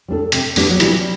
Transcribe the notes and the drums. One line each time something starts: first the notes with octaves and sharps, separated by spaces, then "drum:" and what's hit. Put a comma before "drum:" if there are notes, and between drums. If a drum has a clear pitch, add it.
G3 D4 A4
C3, drum: hi-hat
G3 B3 D4 G4, drum: open hi-hat
F#3
C3 E3 G3, drum: hi-hat